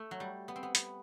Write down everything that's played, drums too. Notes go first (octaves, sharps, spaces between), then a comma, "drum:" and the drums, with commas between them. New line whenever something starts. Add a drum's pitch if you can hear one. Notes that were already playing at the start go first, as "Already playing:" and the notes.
Already playing: A3
F#3
G3
B3
C4
B3
B3, drum: hi-hat